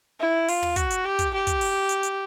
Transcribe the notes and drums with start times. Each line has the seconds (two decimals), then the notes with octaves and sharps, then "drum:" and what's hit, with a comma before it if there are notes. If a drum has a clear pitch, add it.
0.20 E4
0.48 F4, drum: open hi-hat
0.63 drum: tom
0.76 F#4, drum: kick, hi-hat
0.91 drum: hi-hat
1.05 G4
1.19 drum: kick, hi-hat
1.33 G4
1.47 drum: kick, hi-hat
1.61 drum: open hi-hat
1.89 drum: hi-hat
2.03 drum: hi-hat